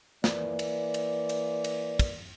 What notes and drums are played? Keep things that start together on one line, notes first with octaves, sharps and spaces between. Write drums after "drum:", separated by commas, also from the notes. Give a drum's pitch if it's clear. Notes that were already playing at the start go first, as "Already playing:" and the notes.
E3 A#3 D5, drum: snare
drum: cymbal
drum: cymbal
drum: cymbal
drum: cymbal
drum: kick, cymbal